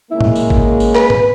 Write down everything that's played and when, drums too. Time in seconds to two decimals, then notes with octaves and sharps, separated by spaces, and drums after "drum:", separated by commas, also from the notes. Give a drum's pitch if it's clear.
0.11 C#3 G#3 A#3 E4
0.21 drum: tom
0.35 drum: tambourine
0.50 drum: kick G#1
0.80 drum: tambourine
0.95 B4, drum: clap
1.10 drum: tom